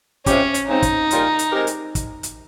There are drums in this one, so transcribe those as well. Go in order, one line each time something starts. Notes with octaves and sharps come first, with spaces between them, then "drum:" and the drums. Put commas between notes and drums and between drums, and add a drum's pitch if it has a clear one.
C3 F3 G#3 C4 C#4 G4, drum: kick, hi-hat
drum: hi-hat
C#3 G#3 C4 D#4
drum: kick, hi-hat
C#3 G3 A#3 F4 A#4, drum: hi-hat
drum: hi-hat
G#3 C4 G4 A#4
drum: hi-hat
drum: kick, hi-hat
drum: hi-hat